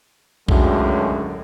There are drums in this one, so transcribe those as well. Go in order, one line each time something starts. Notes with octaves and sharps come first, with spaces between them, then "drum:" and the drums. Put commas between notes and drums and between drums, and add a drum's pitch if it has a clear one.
C#2 F#2 A2 D3 F#3 G#3, drum: kick B1